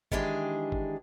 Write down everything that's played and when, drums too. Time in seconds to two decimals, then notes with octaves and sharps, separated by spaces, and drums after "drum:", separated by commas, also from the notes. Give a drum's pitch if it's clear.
0.12 D#3 E3 G#3 D4 G4 G#4, drum: kick
0.72 drum: kick